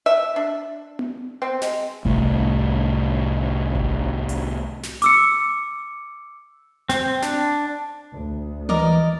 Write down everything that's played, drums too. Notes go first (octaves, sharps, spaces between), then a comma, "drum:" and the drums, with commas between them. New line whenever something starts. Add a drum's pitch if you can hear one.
E5
D4
drum: tom B3
C4
G#3, drum: snare
C2 A2, drum: kick G#1
drum: kick G#1
drum: hi-hat
drum: snare
D6 E6 C#7, drum: hi-hat
C4, drum: snare
D4, drum: snare
D2
E3 A#4 D5 D#5